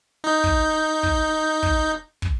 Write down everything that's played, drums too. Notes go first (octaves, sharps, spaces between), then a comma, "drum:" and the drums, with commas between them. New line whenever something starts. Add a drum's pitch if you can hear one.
D#4 G6
drum: kick
drum: kick
drum: kick
drum: kick